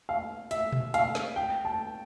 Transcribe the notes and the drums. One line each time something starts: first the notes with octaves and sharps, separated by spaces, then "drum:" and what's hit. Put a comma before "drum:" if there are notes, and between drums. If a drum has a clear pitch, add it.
F5
E5, drum: hi-hat
drum: tom A#2
F5, drum: hi-hat
drum: snare
G5
A5